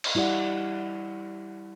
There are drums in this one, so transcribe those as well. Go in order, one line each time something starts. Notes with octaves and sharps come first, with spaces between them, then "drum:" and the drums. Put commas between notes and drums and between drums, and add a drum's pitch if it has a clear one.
drum: cymbal
G3 E4 G4 D5 F#5